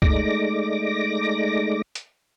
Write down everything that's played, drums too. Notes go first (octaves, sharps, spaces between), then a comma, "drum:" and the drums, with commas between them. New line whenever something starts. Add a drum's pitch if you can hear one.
G#3 A3 D#4 D5 D6 A#6, drum: kick C#2
drum: hi-hat